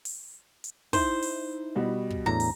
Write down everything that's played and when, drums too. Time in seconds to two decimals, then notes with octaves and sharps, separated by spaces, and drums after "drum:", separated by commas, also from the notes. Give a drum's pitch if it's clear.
0.05 drum: open hi-hat
0.64 drum: hi-hat
0.93 D#4 E4 C5, drum: kick, open hi-hat
1.22 drum: open hi-hat
1.75 B2 G3 F#4
2.10 drum: kick
2.26 E2 A2 D4 A#5
2.40 drum: open hi-hat